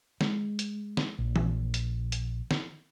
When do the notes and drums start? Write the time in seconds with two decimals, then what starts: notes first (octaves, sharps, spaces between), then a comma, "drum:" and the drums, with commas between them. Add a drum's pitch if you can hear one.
0.21 G#3, drum: snare
0.59 drum: hi-hat
0.97 drum: snare
1.19 A#1
1.36 drum: tom E3
1.74 drum: hi-hat
2.12 drum: hi-hat
2.51 drum: snare